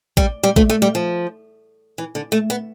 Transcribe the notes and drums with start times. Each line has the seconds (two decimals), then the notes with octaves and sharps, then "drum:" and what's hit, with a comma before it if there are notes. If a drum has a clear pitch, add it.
0.17 G3, drum: kick A1
0.43 G3
0.56 A3, drum: kick A1
0.70 A3
0.82 G3
0.95 F3
1.98 E3
2.15 D3
2.32 A3
2.50 B3